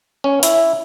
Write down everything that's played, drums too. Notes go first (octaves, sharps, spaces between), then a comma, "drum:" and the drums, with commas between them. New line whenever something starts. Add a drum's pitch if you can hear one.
C#4
E4, drum: hi-hat